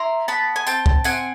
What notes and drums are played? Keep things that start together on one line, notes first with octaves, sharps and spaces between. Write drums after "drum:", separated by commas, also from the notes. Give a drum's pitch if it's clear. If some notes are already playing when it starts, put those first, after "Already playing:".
Already playing: E4 A#5 C6
B3 A5 B5
G#5
C4 G5 A5, drum: tambourine
drum: kick C2
C4 F#5 G#5, drum: tambourine